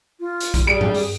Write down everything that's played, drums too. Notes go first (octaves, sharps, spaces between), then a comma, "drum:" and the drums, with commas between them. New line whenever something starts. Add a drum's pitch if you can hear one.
F4
drum: hi-hat
drum: kick A#1, hi-hat
G3 G#4 D7
drum: tom G2
drum: open hi-hat